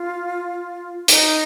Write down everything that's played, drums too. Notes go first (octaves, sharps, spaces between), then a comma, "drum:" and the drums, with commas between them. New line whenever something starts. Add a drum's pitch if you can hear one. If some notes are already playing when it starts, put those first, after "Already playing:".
Already playing: F4
D#4, drum: hi-hat